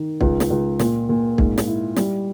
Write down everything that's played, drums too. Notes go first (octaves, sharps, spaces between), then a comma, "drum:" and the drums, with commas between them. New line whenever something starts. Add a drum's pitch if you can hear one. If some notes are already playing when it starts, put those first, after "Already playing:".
Already playing: D#3
C#2, drum: kick
drum: snare
C#2
A#2, drum: snare
A#2
G#2, drum: kick
drum: snare
E4
G3, drum: snare